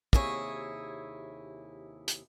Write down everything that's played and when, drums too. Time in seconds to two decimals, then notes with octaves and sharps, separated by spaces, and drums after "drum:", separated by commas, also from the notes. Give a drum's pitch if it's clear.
0.13 D#2 C3 E4 G#4 C#5, drum: kick
2.08 drum: hi-hat